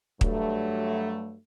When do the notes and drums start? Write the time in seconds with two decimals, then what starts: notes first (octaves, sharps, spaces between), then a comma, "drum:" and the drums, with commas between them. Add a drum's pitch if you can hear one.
0.21 G2 F#3 A3, drum: kick